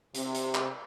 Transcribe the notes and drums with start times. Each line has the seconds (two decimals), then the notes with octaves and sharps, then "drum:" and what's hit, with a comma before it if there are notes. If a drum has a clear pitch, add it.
0.15 C3, drum: hi-hat
0.35 drum: hi-hat
0.55 drum: clap